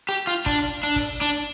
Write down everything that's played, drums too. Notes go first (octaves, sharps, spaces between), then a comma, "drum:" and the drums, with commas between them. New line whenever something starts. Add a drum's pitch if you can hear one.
G4
F4
D4, drum: kick, hi-hat
D4
drum: kick, open hi-hat
D4